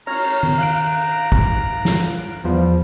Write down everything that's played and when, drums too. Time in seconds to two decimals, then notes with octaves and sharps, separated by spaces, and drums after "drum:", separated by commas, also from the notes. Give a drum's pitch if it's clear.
0.07 C#5 A#5 F6, drum: cymbal
0.43 drum: tom D#3
0.58 F5 F#6 D7
1.32 drum: kick
1.85 drum: snare
2.44 E2 F3 G3